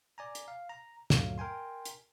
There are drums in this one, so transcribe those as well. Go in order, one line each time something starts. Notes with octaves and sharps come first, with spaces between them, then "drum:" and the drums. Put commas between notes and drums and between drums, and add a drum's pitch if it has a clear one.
D5 G#5 A#5
drum: hi-hat
F5
A#5
D2 G2 A#2 F#3 A3 F5, drum: snare
A#4 G5 G#5 C6
drum: hi-hat